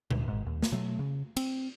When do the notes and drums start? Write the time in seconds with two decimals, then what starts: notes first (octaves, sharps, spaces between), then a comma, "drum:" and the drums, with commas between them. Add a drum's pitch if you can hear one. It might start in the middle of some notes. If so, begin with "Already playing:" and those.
0.11 D2, drum: tom A#2
0.28 G#1 G#2
0.46 D#2
0.62 drum: snare
0.72 B2 F#3 A3
0.99 C#3
1.37 C4, drum: cymbal